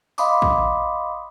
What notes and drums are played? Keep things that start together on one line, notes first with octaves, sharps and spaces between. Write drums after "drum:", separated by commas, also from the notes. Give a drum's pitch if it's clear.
D#5 F5 B5 C6 D6 D#6, drum: tambourine
drum: kick